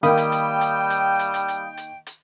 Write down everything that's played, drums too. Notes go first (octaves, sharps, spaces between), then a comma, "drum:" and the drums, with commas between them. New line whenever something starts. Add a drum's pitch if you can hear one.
D#3 G3 A#3 F5 G5 B5 D#6, drum: hi-hat
drum: hi-hat
drum: hi-hat
drum: hi-hat
drum: hi-hat
drum: hi-hat
drum: hi-hat
drum: hi-hat
drum: hi-hat
drum: hi-hat